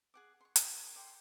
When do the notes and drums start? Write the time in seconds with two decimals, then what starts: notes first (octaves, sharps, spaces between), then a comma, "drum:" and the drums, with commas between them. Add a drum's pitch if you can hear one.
0.14 G#4 F#5 D6
0.41 C6 C#6
0.56 A4 D#5, drum: hi-hat
0.74 G#5
0.95 A4 D5 G5 C6